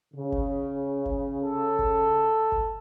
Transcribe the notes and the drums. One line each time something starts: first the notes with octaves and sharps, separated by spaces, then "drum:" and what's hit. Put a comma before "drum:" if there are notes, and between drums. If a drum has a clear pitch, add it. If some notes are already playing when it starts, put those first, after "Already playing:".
C#3
drum: kick G1
drum: kick G1
A4
drum: kick G1
drum: kick G1